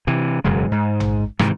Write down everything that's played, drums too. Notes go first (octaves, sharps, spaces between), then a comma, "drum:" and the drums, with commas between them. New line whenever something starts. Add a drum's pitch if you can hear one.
C3 E3
E1 F#2 C#3 G#3
G#2
drum: tom A1
G#2 C3 D#3 E3, drum: rim click